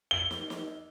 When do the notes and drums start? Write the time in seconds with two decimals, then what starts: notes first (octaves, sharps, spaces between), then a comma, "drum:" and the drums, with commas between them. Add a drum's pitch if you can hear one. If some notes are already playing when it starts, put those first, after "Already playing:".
0.11 G7
0.31 drum: snare
0.50 drum: snare